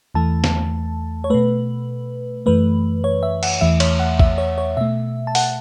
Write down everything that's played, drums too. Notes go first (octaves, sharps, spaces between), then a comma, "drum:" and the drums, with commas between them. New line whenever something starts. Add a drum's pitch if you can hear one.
E2 E3 A3 A5
drum: snare
C#5
B2 A3 B4
F#2 E3 A3 B4
C#5
E5
F#5, drum: cymbal
E2 E3 A3 E5
C#5, drum: cymbal
F#5
E5, drum: kick A1
C#5
C#5
B2 A3 E5
A5
F#5, drum: open hi-hat